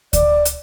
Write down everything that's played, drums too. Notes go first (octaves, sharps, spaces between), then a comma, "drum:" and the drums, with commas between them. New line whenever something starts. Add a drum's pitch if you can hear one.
D5, drum: kick D2, hi-hat
drum: hi-hat